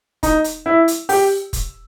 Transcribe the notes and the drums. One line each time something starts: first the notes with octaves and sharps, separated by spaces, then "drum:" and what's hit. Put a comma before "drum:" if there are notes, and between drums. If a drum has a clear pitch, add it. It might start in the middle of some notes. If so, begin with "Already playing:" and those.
D#4, drum: kick F1, hi-hat
drum: hi-hat
E4
drum: hi-hat
G4, drum: open hi-hat
drum: kick F1, hi-hat